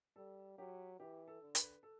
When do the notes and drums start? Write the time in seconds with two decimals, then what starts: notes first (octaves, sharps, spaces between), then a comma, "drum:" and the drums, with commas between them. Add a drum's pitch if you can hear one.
0.16 G3 A4
0.58 F#3 G4
0.99 E3 G4
1.28 A4
1.41 D3
1.55 B4, drum: hi-hat
1.83 A4